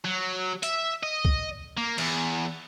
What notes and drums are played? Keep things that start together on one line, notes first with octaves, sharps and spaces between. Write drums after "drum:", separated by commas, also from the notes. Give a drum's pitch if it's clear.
F#3
E5, drum: hi-hat
D#5
drum: kick
A#3
E2, drum: cymbal